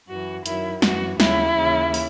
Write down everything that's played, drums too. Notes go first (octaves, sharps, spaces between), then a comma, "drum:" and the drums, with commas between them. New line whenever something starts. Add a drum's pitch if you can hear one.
F#2 E3 F#4
F#2 D#3 F#3 E4, drum: hi-hat
F#2 E3 F#4, drum: snare
D#2 C#3 F#3 E4, drum: snare
D#2 C#3 E3
drum: open hi-hat